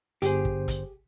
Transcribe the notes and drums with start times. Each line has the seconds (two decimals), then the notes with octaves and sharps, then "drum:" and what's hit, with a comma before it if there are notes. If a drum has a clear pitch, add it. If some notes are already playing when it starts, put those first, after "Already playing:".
0.22 G1 G4 G#4 C5, drum: hi-hat
0.45 drum: kick
0.68 drum: kick, hi-hat